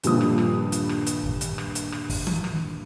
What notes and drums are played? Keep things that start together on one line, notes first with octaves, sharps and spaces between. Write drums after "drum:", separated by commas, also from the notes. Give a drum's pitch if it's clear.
D#1 G2 A#2 F3 G3 D#6, drum: hi-hat
drum: rim click
drum: rim click
drum: hi-hat
drum: rim click
drum: hi-hat
drum: kick
drum: hi-hat
drum: rim click
drum: hi-hat
drum: rim click
drum: kick, open hi-hat
drum: tom D#3
drum: rim click